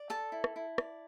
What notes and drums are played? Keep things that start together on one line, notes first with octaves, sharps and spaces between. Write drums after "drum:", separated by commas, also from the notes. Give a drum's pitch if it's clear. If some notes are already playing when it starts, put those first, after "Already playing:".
Already playing: D5
A4 A5
E4
drum: rim click
E4
D5, drum: rim click